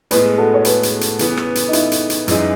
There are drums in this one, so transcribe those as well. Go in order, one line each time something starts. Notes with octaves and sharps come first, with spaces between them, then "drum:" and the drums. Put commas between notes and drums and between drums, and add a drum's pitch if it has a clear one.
A2 G#3 B3 G#4 B4, drum: hi-hat
F#4 A4
C#5
G#4 B4, drum: hi-hat
drum: hi-hat
drum: hi-hat
C#3 E3 B3, drum: hi-hat
drum: rim click
drum: hi-hat
D#4
E4, drum: hi-hat
drum: hi-hat
drum: hi-hat
F#2 E3 G#3 D#4, drum: hi-hat